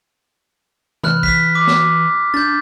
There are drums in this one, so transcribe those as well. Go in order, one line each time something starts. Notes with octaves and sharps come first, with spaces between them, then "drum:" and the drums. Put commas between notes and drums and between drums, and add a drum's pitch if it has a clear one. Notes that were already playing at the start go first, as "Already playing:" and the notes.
E3 B5 F6 F#6, drum: tom
B6, drum: kick
D6
drum: snare
D4 G6 A6